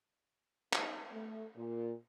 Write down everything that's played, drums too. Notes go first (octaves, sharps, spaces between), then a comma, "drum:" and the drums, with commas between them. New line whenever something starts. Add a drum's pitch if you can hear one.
D#4, drum: clap
A3
A#2